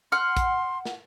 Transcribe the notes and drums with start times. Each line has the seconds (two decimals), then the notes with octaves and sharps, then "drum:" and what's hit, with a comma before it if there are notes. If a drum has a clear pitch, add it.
0.12 F#5 C6 F6
0.37 drum: kick A#1, hi-hat
0.85 drum: snare